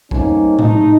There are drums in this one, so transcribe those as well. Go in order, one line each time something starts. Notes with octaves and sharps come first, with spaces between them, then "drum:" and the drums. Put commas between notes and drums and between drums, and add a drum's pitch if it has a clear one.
G3 A3 A#3 C4 C#4 D#4, drum: kick A#1
A2 C3 A3 D#4, drum: tom A2